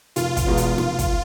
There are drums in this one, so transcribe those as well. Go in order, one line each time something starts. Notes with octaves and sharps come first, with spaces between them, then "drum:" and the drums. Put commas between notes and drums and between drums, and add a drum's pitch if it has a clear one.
F1 F4, drum: hi-hat
drum: kick, hi-hat
E2 B2 G#3 B3
drum: hi-hat
F1, drum: snare
drum: kick, hi-hat